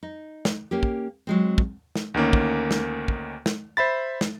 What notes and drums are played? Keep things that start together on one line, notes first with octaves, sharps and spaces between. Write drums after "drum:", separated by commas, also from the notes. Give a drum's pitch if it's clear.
D#4
drum: snare
A#3 C#4 G4
drum: kick
F#3 G#3 C4
drum: kick
drum: snare
D2 D#3 A#3 C#4
drum: kick
drum: snare
drum: kick
drum: snare
C5 E5 B5 A6
drum: snare